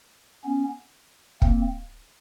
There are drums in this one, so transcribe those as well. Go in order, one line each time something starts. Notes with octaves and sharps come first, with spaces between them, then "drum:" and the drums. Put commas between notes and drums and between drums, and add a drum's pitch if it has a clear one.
B3 C#4
A#3 C4, drum: kick